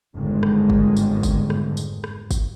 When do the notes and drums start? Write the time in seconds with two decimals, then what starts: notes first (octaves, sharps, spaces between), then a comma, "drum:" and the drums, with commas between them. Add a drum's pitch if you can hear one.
0.16 G1 F2 G#2 D3 D#3 G#3
0.43 drum: rim click
0.70 drum: kick
0.97 drum: tambourine
1.23 drum: kick, tambourine
1.50 drum: rim click
1.77 drum: tambourine
2.04 drum: rim click
2.31 drum: kick, tambourine